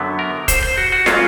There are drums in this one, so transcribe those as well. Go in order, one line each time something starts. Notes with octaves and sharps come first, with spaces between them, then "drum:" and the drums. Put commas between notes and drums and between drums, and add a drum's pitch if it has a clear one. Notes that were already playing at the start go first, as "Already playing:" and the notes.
Already playing: F#2 D3 F#3 B3
A#4
C5, drum: kick, hi-hat
C5
F#4
F#4
A#2 F#3 A#3 C#4 F4, drum: snare